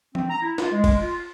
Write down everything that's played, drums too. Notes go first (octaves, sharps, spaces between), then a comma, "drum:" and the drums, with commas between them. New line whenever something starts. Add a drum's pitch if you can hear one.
C4, drum: tom E3
A#5
E4
F4, drum: snare
G#3
drum: kick, cymbal
F4